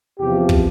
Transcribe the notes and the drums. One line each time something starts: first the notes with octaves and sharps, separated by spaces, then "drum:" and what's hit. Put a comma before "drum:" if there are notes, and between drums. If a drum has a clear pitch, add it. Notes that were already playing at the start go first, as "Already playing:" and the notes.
E2 C3 F3 G4
drum: kick